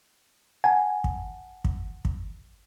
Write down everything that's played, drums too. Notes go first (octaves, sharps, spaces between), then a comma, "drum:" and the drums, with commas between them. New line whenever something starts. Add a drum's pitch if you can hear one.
F#5 G#5 A5
drum: kick
drum: kick
drum: kick